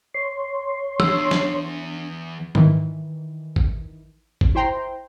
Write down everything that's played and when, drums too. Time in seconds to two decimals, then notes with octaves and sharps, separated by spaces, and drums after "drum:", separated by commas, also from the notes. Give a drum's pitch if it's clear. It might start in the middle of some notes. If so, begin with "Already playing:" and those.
0.14 C#5 C6
1.00 E2 D4 E6, drum: tom
1.31 drum: snare
2.55 D#3 E3, drum: tom G#2
3.56 drum: kick G#1
4.41 drum: kick G#1
4.55 E4 C5 G5 A#5 C6